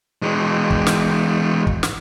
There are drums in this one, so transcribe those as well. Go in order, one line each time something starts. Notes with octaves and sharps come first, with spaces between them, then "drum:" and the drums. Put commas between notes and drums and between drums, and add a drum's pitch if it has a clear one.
E3 G#3
drum: kick
drum: snare
drum: kick
drum: snare